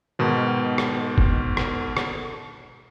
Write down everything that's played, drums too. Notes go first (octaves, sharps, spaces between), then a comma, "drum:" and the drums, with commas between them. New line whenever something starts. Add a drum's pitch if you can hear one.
G#2 B2 D#3
drum: rim click
drum: kick F1
drum: rim click
drum: rim click